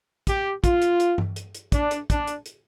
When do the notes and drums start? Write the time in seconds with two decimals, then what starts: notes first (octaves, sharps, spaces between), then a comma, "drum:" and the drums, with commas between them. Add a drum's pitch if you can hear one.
0.27 G4, drum: kick, hi-hat
0.64 F4, drum: kick, hi-hat
0.82 drum: hi-hat
1.00 drum: hi-hat
1.18 drum: tom G2
1.36 drum: hi-hat
1.55 drum: hi-hat
1.72 D4, drum: kick, hi-hat
1.91 drum: hi-hat
2.10 D4, drum: kick, hi-hat
2.27 drum: hi-hat
2.46 drum: hi-hat